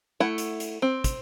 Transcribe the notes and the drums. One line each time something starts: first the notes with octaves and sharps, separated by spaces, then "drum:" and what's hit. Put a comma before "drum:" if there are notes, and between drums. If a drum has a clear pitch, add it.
A3 E4 F#5
drum: hi-hat
drum: hi-hat
C4
drum: kick, hi-hat